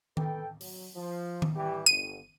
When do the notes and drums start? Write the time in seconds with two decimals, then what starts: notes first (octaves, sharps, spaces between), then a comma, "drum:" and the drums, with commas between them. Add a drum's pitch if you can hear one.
0.17 A4 B4 G5, drum: tom D#3
0.61 F#3, drum: open hi-hat
0.95 F3
1.42 drum: tom D#3
1.55 E3 G3 G4
1.86 G1 D#7